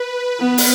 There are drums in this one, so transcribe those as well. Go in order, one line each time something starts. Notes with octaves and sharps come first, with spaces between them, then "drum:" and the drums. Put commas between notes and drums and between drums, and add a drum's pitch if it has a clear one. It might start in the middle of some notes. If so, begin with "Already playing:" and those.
Already playing: B4
B3
drum: open hi-hat